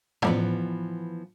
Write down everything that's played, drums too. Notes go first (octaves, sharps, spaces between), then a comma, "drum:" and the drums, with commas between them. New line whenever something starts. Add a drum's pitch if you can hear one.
E3 F3 B3, drum: tom